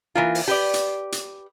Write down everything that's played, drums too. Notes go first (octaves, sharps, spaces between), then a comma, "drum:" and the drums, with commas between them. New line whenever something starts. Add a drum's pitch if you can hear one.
E3 A#3 F4
drum: open hi-hat
G4 B4 D5
drum: hi-hat
drum: hi-hat